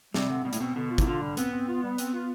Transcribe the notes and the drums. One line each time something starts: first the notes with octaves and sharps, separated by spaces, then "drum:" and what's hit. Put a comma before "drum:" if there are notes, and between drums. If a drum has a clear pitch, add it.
C3 G3, drum: snare
D3
B2 G3
A2, drum: hi-hat
B2 C4
B2 D3
F4
E3, drum: kick, hi-hat
D3 F4
G3
B3 C4, drum: hi-hat
C4
F4
G3
C4, drum: hi-hat
F4